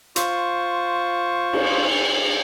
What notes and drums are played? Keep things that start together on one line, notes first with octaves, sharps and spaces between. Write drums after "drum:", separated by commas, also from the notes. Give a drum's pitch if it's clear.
F4 C5 C#6, drum: hi-hat
drum: cymbal